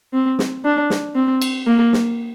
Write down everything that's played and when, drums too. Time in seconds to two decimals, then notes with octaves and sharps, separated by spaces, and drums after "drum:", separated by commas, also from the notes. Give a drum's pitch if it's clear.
0.13 C4
0.39 drum: snare
0.65 D4
0.90 drum: snare
1.15 C4
1.42 drum: cymbal
1.67 A#3
1.93 drum: snare